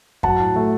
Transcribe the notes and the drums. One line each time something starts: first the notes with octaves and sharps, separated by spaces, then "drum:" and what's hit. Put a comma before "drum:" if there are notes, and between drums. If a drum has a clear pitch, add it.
F#3 F#5 A5, drum: kick F#2
A2
A3